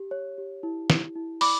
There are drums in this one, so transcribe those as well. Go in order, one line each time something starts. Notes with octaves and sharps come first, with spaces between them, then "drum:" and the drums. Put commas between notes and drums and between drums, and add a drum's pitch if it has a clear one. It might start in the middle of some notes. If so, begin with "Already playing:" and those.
Already playing: G4
C#5
G4
E4
E4, drum: snare
E4
D5 B5 D6, drum: open hi-hat